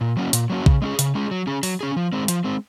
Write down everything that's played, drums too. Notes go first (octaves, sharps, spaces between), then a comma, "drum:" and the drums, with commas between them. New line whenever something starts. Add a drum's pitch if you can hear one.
A#2
F#3 A#3 C#4 F#4
A#2, drum: hi-hat
F#3 A#3 C#4 F#4
C#3, drum: kick A#1
G#3 C#4 G#4
C#3, drum: hi-hat
G#3 C#4 G#4
F#3
C#4 G#4
F#3, drum: open hi-hat
C#4 G#4
F3
G#3 C4
F3, drum: hi-hat
G#3 C4